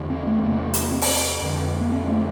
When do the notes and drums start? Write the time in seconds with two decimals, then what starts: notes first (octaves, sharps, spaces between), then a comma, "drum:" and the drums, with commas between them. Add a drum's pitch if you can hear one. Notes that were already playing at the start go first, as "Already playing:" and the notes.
Already playing: E2 D3
0.10 C4
0.26 A3
0.43 E2 C3 A#3
0.74 drum: hi-hat
0.92 C4
1.02 drum: open hi-hat
1.42 F2 D3
1.81 A#3
1.92 C4
2.08 A3